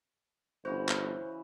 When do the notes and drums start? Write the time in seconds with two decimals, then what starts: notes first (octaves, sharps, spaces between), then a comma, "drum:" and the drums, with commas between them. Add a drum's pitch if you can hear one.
0.65 G1 C#3 E3 F#4 C5
0.89 drum: clap